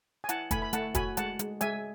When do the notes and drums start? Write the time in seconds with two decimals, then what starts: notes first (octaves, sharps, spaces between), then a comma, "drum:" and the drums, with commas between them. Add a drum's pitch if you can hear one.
0.24 G#5
0.29 E4 F#5 A5, drum: hi-hat
0.51 A3 G#5 B5, drum: kick, hi-hat
0.62 B5
0.73 A3 F#5 A5, drum: hi-hat
0.95 F#4 G#5 B5, drum: kick, hi-hat
1.17 G#3 F#5 A5, drum: hi-hat
1.39 G#3, drum: hi-hat
1.61 G#3 E5 G#5, drum: hi-hat